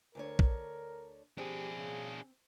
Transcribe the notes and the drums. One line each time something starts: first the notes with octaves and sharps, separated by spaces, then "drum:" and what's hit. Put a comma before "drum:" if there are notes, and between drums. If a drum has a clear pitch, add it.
D2 D3 A#4 C#5
drum: kick
C4 D4 G4 G#4
C#3